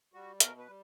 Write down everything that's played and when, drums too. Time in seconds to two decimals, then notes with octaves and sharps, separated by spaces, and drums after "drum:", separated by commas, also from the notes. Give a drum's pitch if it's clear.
0.13 G3 F#4
0.40 B2 A#4, drum: hi-hat
0.59 B4
0.68 G3